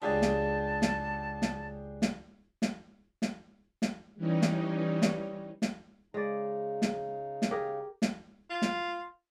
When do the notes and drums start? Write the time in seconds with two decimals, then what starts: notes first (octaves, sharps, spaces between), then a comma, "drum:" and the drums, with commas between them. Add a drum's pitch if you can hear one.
0.02 C#2 C#3 D4 G4 G#4 A5
0.22 drum: snare
0.82 drum: snare
1.42 drum: snare
2.02 drum: snare
2.62 drum: snare
3.22 drum: snare
3.82 drum: snare
4.17 E3 G3 C#4 D#4
4.42 drum: snare
5.02 drum: snare
5.62 drum: snare
6.14 C#3 G#3 D#4 D5
6.82 drum: snare
7.42 drum: snare
7.51 G4 G#4 A#4
8.02 drum: snare
8.50 F4
8.62 drum: snare